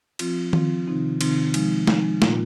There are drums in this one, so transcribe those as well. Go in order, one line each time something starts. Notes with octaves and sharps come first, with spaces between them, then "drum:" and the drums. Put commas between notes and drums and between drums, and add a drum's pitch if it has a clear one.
F3 C4 F4, drum: cymbal
F3 C4 F4, drum: tom D#3
C3 D#3 C4 D#4
C3 D#3 C4 D#4, drum: cymbal
F3 G#3 D#4, drum: cymbal
F3 G#3 D#4, drum: snare
A#2 A#3 F4, drum: snare